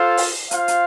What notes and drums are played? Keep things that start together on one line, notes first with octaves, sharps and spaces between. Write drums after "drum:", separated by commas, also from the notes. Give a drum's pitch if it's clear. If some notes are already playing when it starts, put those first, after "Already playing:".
Already playing: F4 A4 C5 F5
drum: open hi-hat
F4 C5 F5, drum: hi-hat
drum: hi-hat